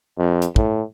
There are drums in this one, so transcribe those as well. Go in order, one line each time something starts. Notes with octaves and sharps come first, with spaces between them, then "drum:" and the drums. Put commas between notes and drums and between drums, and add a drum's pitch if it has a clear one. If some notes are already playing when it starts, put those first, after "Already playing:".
F2
drum: hi-hat
A2, drum: kick